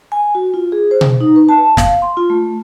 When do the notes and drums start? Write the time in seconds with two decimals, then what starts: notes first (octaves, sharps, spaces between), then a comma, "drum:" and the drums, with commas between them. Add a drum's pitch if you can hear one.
0.12 G#5
0.35 F#4
0.54 F4
0.72 G#4
0.91 C5
1.01 drum: tom B2
1.20 D#4
1.36 B4
1.49 A5
1.77 F5, drum: snare
2.02 C6
2.17 F4
2.30 A3